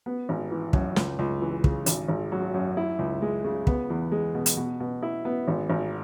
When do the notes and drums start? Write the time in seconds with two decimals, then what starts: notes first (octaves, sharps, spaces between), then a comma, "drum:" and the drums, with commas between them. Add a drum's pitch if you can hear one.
0.06 B3
0.29 G#1
0.51 E3
0.73 F#2, drum: kick
0.96 C#2, drum: snare
1.19 C#2
1.41 E3
1.64 C#3, drum: kick
1.86 G#1, drum: hi-hat
2.08 G#1
2.32 F#3
2.54 F#2
2.77 E4
2.99 C#2
3.22 G#3
3.44 C#3
3.67 B3, drum: kick
3.90 E2
4.12 G#3
4.35 B2
4.46 drum: hi-hat
4.57 B2
4.80 B2
5.02 E4
5.25 B3
5.48 G#1
5.70 G#1